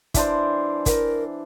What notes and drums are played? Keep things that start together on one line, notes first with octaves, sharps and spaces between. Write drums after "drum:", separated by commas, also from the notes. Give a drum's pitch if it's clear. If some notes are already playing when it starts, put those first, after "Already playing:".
E3 D4 C5, drum: kick, hi-hat
A#4, drum: kick, hi-hat